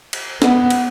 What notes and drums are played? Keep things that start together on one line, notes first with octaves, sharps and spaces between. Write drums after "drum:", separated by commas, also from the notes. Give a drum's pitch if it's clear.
drum: cymbal
B3, drum: snare
drum: cymbal